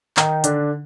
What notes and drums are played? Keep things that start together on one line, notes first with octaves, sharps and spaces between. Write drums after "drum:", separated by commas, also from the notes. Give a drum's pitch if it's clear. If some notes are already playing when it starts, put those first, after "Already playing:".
D#3 D#4, drum: clap
D3 D4, drum: hi-hat